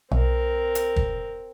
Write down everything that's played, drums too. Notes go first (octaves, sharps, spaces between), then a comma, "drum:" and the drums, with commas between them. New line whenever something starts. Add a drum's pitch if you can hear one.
B1 C4 A#4
drum: hi-hat
drum: kick